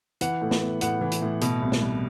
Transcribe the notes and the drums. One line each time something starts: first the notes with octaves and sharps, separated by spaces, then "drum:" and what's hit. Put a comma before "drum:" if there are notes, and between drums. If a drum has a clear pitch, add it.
E3 F#5, drum: hi-hat
A2
drum: snare
B3
A2 F#5, drum: hi-hat
E3
drum: hi-hat
A2
B2, drum: hi-hat
C2
drum: snare
G3